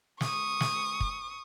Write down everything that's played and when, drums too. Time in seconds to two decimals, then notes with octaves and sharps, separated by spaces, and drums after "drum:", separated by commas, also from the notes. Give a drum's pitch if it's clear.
0.21 C#6 D#6, drum: snare
0.61 drum: snare
1.00 drum: kick